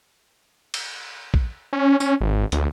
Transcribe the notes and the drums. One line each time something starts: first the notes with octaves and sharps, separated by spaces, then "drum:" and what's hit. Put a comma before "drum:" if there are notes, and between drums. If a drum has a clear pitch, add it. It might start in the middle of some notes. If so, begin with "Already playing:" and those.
drum: cymbal
drum: kick
C#4
C#4, drum: tambourine
G#1
D2, drum: hi-hat